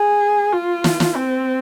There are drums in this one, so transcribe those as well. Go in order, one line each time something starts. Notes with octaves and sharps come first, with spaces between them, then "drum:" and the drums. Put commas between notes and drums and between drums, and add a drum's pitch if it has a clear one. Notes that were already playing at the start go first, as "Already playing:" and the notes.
Already playing: G#4
F4
drum: snare
drum: snare
C4